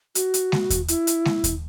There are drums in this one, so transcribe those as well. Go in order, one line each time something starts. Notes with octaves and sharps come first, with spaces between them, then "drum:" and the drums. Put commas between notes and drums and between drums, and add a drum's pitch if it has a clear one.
F#4, drum: hi-hat
drum: hi-hat
drum: snare G#3
drum: kick D#2, hi-hat
E4, drum: hi-hat
drum: hi-hat
drum: snare G#3
drum: kick D#2, hi-hat